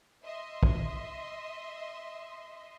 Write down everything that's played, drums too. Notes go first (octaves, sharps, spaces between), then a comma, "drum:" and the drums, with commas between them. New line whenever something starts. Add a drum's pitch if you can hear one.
D#5 E5 C6
drum: kick